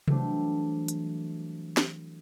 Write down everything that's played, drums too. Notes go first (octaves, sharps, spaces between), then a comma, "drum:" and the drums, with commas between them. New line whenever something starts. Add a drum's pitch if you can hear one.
E3 F#3 G3 A3 C4 D4, drum: tom C3
drum: hi-hat
drum: snare